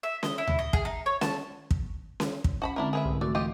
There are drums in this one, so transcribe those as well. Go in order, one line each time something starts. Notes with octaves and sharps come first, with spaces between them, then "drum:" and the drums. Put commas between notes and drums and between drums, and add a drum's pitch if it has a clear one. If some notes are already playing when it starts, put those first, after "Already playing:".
E5
D#5, drum: snare C#4
E4
drum: tom D2
D#5
G#4, drum: kick
D#4
C#5
A5, drum: snare C#4
drum: kick
drum: snare C#4
drum: kick
C#4 F#4 A#5 B5
D3 G#3 C4 D4 E4 A#4
G#4 A#4 B4 E5
C2 G#2
E3 A3 F#4 D5
F4 G4 D#5